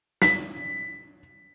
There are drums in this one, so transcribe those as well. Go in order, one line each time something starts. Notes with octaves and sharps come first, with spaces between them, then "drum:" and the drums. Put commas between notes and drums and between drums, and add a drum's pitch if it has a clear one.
B6, drum: snare